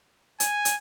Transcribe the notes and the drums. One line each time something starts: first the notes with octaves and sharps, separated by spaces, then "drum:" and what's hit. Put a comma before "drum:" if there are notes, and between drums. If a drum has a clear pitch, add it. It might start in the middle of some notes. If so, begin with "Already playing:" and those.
G#5, drum: hi-hat
drum: hi-hat